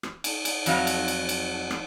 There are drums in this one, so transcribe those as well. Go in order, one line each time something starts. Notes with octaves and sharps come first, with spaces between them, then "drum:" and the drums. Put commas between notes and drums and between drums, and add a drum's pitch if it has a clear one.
drum: rim click
drum: cymbal
drum: cymbal
F2 F#3 F5, drum: cymbal
drum: cymbal
drum: cymbal
drum: cymbal
drum: rim click